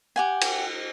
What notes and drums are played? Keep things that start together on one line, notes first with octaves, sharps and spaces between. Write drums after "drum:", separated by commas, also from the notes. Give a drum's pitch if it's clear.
G4 F#5 G#5
drum: cymbal